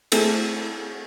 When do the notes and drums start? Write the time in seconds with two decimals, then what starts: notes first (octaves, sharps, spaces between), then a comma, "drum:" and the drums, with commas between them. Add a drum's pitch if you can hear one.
0.12 A3 C4 E4 G#4, drum: cymbal